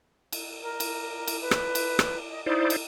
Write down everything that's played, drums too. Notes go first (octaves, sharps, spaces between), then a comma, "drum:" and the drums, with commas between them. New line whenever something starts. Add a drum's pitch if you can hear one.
drum: cymbal
A#4
drum: cymbal
drum: cymbal
B4
drum: rim click
drum: cymbal
drum: rim click
D#5
D#4 E4 C5 D5
drum: cymbal